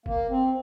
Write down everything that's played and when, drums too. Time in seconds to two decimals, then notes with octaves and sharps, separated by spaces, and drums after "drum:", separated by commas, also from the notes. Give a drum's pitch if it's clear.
0.06 A#3, drum: kick G1
0.29 C4